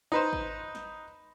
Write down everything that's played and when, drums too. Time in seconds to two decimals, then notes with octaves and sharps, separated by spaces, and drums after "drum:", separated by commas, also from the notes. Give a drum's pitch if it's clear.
0.12 D#4 B4 C5
0.33 drum: kick G#1
0.75 drum: snare